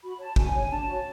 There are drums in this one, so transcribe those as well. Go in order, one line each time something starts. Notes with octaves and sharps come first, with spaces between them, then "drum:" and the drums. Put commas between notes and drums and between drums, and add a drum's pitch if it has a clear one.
F#4 B5
C#5 A5
F#4 G#5, drum: kick
C#5
D4 A5
F#4 C#5